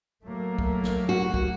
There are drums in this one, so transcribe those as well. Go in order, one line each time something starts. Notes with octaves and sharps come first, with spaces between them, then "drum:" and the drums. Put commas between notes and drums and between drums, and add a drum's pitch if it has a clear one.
F#3 A3 A#3
drum: kick
drum: snare
F#4
drum: kick